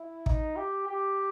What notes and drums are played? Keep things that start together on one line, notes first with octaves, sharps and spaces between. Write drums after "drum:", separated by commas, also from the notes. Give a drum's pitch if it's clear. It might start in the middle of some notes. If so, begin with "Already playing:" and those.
Already playing: E4
D#4, drum: kick
G4
G4